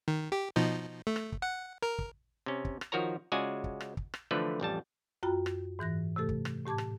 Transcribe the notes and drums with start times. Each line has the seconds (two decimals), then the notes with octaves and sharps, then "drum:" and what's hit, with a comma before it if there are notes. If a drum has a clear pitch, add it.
0.08 D#3
0.32 G4
0.56 B2 F3 D#4
1.07 A3
1.16 drum: rim click
1.32 drum: kick
1.42 F#5
1.83 A#4
1.99 drum: kick
2.46 C3 C#4
2.65 drum: kick
2.81 drum: rim click
2.92 D#3 F3 F#4 A#4 C#5 A#5
3.32 C#3 G#3 F4 F#4 D5 G#5
3.64 drum: kick
3.81 drum: rim click
3.97 drum: kick
4.14 drum: rim click
4.31 D3 E3 F3 A3 E4 B4
4.60 A1 F2 G3 A5
5.23 F#2 F4 F#4 G5 A#5 B5
5.46 drum: rim click
5.79 G#2 E3 F#6 A#6
6.16 C3 A3 G4 A4
6.29 drum: kick
6.45 drum: rim click
6.65 A2 G4 A5 D6 G#6
6.78 drum: rim click